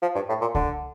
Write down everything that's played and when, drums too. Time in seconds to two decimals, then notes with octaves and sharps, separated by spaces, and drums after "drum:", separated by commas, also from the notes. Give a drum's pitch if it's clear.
0.02 F3
0.15 G2
0.29 A2
0.41 A#2
0.55 D3, drum: kick C#2